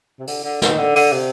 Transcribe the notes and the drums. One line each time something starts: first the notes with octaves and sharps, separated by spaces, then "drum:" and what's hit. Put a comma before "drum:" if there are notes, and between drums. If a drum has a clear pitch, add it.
C3
D3, drum: open hi-hat
D3
D#3, drum: snare
D3
D3, drum: open hi-hat
C3